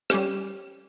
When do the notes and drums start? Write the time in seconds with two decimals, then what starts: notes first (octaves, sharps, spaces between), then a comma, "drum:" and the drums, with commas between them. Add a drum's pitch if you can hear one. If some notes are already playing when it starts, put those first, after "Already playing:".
0.10 G3 C#4 G4, drum: rim click